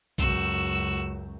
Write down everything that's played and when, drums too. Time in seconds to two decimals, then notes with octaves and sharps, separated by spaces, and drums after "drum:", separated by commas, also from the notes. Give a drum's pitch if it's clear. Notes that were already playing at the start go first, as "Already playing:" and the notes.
0.18 C#2 F#2 F#4 E6, drum: kick A#1